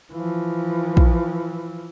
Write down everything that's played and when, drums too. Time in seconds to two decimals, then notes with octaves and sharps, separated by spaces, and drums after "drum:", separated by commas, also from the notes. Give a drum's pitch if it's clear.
0.13 E3 F3
0.97 drum: kick A#1